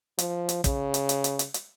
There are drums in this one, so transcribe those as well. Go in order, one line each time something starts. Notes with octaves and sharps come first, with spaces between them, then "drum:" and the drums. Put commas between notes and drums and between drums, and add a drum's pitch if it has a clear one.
F3, drum: hi-hat
drum: hi-hat
C#3, drum: kick, hi-hat
drum: hi-hat
drum: hi-hat
drum: hi-hat
drum: hi-hat
drum: hi-hat